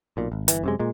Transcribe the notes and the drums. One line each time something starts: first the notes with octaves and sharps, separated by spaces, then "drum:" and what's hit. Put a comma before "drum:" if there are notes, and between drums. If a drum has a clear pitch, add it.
B1 A#2
G#1
G1 E3, drum: hi-hat
F#2 C3 G#3
A#2 G#3